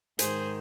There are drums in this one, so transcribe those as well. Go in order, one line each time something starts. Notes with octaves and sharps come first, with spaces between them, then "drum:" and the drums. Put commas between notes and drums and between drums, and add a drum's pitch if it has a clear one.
G#2 D#3 G#4 C5, drum: hi-hat